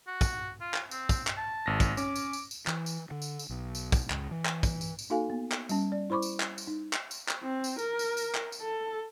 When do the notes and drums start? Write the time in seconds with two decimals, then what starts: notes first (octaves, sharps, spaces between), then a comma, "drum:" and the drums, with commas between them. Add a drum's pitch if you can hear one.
0.07 F#4
0.21 drum: kick, tambourine
0.61 F4
0.74 drum: clap
0.91 C4, drum: tambourine
1.09 drum: kick, tambourine
1.27 drum: clap
1.37 A5
1.66 G#1 A#6
1.80 drum: kick, tambourine
1.97 C#4 D6, drum: tambourine
2.16 drum: tambourine
2.33 drum: tambourine
2.51 drum: tambourine
2.67 E3, drum: clap
2.86 drum: tambourine
3.11 D3
3.22 drum: tambourine
3.39 drum: tambourine
3.49 B1
3.75 drum: tambourine
3.92 drum: kick, tambourine
4.10 C#2, drum: clap
4.31 E3
4.45 drum: clap
4.63 drum: kick, tambourine
4.81 drum: tambourine
4.99 drum: tambourine
5.10 A#3 D#4 F#4 A4 F5 G#5
5.30 B3
5.52 drum: clap
5.69 G3 C#4, drum: tambourine
5.92 D5
6.10 E4 C5 B5 C#6 D6
6.22 drum: tambourine
6.40 drum: clap
6.58 drum: tambourine
6.67 D#4
6.93 drum: clap
7.11 drum: tambourine
7.28 drum: clap
7.42 C4
7.64 drum: tambourine
7.79 A#4, drum: tambourine
7.99 drum: tambourine
8.17 drum: tambourine
8.35 drum: clap
8.52 drum: tambourine
8.61 A4